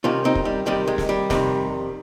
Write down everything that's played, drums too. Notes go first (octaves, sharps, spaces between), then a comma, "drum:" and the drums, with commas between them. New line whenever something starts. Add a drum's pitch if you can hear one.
C2 C3 D#3 C#4 F4
C4 D#4
drum: kick
G3
C2 C3 D#3 G3
G#3
drum: snare
G3
F2 C3 D#3, drum: snare